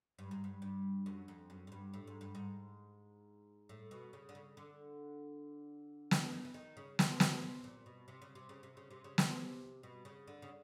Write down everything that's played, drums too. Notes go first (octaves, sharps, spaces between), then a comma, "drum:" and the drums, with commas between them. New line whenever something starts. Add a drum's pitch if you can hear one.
G2
G#2
G2
G2
F#2
F2
F#2
G#2
G2
A2
G#2
G2
G#2
A2
B2
C#3
D3
C#3
D3
drum: snare
D#3
E3
D#3
C#3
C3, drum: snare
B2, drum: snare
C3
A#2
B2
C3
C#3
C3
C#3
C3
C#3
C3
C#3
C3, drum: snare
B2
C#3
D3
C#3